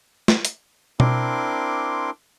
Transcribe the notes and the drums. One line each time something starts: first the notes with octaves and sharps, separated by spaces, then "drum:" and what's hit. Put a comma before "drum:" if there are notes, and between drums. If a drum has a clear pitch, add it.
drum: snare
drum: hi-hat
C4 D4 E4 A#4 C6 D6, drum: tom B2